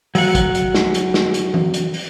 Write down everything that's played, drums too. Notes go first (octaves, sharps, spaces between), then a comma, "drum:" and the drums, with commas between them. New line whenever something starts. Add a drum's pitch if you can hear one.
F#3 F#5, drum: open hi-hat
drum: kick, hi-hat
drum: hi-hat
drum: snare
drum: hi-hat
drum: snare
drum: hi-hat
drum: tom E3
drum: hi-hat
drum: open hi-hat